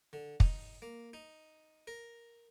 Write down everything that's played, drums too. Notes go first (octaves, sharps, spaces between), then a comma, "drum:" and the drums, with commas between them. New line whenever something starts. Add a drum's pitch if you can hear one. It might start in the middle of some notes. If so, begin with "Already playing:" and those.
D3
D#4, drum: kick
A#3
D#4
A#4